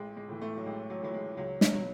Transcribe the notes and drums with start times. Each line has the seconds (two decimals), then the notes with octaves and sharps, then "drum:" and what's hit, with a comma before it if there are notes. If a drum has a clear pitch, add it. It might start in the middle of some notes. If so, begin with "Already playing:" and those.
Already playing: A1 G#3
0.17 G#3
0.29 A2 E3
0.41 A3
0.57 F#3
0.66 A1 G#3
0.90 F#3
1.02 A2 E3 F#3
1.14 G#3
1.37 C#2 F#3
1.61 F#3, drum: snare
1.74 B2 F#3